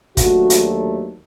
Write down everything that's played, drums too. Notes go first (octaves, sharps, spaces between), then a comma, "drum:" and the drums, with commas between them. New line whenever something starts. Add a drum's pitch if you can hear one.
D#2 D3 F#3 A3 F#4, drum: kick, hi-hat
drum: hi-hat